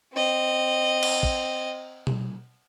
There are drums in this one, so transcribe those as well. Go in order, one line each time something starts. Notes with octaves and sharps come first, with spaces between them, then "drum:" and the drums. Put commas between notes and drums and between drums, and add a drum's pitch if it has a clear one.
C4 D#5
drum: cymbal
drum: kick
drum: tom